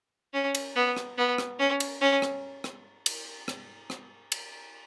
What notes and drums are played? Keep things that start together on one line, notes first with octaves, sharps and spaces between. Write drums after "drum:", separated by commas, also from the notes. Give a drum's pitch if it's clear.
C#4
drum: cymbal
B3
drum: rim click
B3
drum: rim click
C#4
drum: cymbal
C#4
drum: rim click
drum: rim click
drum: cymbal
drum: rim click
drum: rim click
drum: cymbal